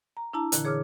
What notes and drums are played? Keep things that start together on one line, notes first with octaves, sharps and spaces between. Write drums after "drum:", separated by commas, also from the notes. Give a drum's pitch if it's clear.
A#5
D4 E4 A5 A#5
A#2 D3 E3, drum: hi-hat
G#4 C#5 D6 E6 F6